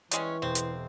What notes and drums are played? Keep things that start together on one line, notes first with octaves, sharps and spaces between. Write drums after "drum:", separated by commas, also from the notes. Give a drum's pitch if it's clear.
E3 G3 G#3 C#4 C#6, drum: hi-hat
E1 C4 C5
drum: hi-hat